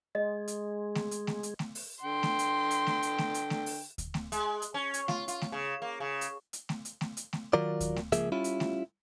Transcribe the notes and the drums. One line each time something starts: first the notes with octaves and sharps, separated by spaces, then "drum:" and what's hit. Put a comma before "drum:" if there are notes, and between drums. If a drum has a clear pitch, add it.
G#3 D#5
drum: hi-hat
drum: snare A3
drum: hi-hat
drum: snare A3
drum: hi-hat
drum: snare A3
drum: open hi-hat
D3 G5 C6
drum: snare A3
drum: hi-hat
drum: hi-hat
drum: snare A3
drum: hi-hat
drum: snare A3
drum: hi-hat
drum: snare A3
drum: open hi-hat
drum: kick D2, hi-hat
drum: snare A3
G#3, drum: hi-hat
drum: hi-hat
C#4
drum: hi-hat
F4, drum: snare A3
F4, drum: hi-hat
drum: snare A3
C#3
A#3
C#3
drum: hi-hat
drum: hi-hat
drum: snare A3
drum: hi-hat
drum: snare A3
drum: hi-hat
drum: snare A3
D#3 F#3 F4 A#4 D5
drum: kick D2, hi-hat
drum: snare A3
C#2 F3 A#3 G#4 E5, drum: hi-hat
G3 C#4 E4 F4
drum: hi-hat
drum: snare A3